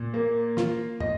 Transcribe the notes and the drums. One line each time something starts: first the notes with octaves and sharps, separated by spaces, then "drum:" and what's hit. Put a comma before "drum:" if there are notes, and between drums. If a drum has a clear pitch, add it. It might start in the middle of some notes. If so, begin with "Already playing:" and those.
Already playing: A#2
A#3
F4, drum: snare
D#5, drum: tom